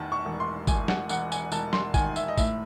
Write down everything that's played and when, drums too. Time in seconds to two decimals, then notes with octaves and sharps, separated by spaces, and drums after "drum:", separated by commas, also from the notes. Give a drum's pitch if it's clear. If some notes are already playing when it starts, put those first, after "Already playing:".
Already playing: E2 D#3 A5
0.12 C#6
0.25 E1
0.40 C6
0.67 E1 G#5, drum: kick, tambourine
0.88 F#5, drum: snare
1.09 E1 F#5, drum: tambourine
1.32 G#5, drum: tambourine
1.52 E1 A5, drum: tambourine
1.73 C6, drum: snare
1.94 D#3 G#5, drum: kick, tambourine
2.16 E5, drum: tambourine
2.28 D#5
2.37 A2 E5, drum: kick, tambourine